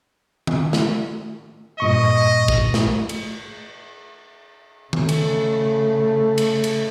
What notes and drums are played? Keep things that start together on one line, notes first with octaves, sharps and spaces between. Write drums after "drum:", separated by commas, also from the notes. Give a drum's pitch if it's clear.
drum: tom D#3
drum: snare
G2 A#2 D#5 C#6
drum: kick
drum: snare
drum: cymbal
C#3 A3, drum: tom D#3
drum: cymbal
drum: cymbal
drum: cymbal